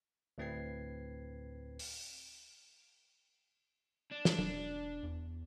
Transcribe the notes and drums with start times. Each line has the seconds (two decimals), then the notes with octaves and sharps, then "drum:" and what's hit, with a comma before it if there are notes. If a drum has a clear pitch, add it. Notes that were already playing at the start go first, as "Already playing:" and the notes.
0.38 D2 A2 C4 B4 G#6 C7
1.79 drum: open hi-hat
4.11 D4
4.25 drum: snare
4.39 E1, drum: tom
5.03 E2